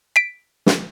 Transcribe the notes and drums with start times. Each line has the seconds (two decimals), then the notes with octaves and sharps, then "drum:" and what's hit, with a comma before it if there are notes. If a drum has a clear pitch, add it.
0.16 B6 D7
0.66 drum: snare